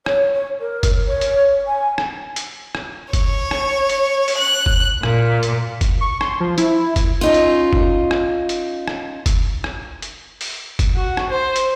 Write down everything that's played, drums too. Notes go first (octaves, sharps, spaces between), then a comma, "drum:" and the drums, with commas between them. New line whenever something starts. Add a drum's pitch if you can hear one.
C#5, drum: rim click
C#5
A#4
drum: kick F#1, hi-hat
C#5
drum: hi-hat
G#5
drum: rim click
drum: hi-hat
drum: rim click
C#5, drum: kick F#1, hi-hat
drum: rim click
drum: hi-hat
drum: open hi-hat
F#6
drum: kick F#1
A#2, drum: rim click
drum: hi-hat
drum: kick F#1, hi-hat
C#6
C6, drum: rim click
F3
E4, drum: hi-hat
drum: kick F#1, hi-hat
C#4 D#4 F4
drum: hi-hat
drum: kick F#1
drum: rim click
drum: hi-hat
drum: rim click
drum: kick F#1, hi-hat
drum: rim click
drum: hi-hat
drum: open hi-hat
drum: kick F#1, hi-hat
F#4
drum: rim click
C5
drum: hi-hat